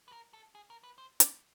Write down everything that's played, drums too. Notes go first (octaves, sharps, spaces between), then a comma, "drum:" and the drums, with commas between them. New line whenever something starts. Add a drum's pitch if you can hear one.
B4
A#4
A4
G#4
A#4
B4
C5
D5, drum: hi-hat